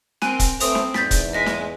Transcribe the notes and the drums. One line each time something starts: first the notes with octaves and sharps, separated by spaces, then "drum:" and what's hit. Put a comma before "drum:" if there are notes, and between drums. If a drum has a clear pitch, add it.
C4 A#4 G#5 F#6 D#7, drum: snare
drum: kick, hi-hat
A3 C4 B4 C5 D#6 F7, drum: hi-hat
drum: snare
E2 G#2 G6 A6 B6, drum: snare
drum: kick, hi-hat
G#3 D#5 A#6 B6
drum: snare